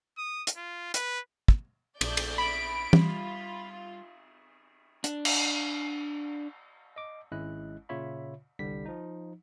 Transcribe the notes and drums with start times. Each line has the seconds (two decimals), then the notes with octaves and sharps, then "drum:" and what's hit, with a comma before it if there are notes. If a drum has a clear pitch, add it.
0.17 D#6
0.47 drum: hi-hat
0.56 F4
0.94 B4, drum: hi-hat
1.48 drum: kick
2.01 A#1 A3 D5 G6, drum: cymbal
2.17 drum: cymbal
2.38 B5 D7
2.93 G3 F4, drum: tom
5.04 D4, drum: hi-hat
5.25 drum: cymbal
6.96 D#5 D6
7.32 G#1 G#3 C#4 E4 D#5 F#6
7.89 A#2 C#3 F4 C#5 E5 B5
8.59 G1 C2 D3 G3 B6
8.85 F3 D#4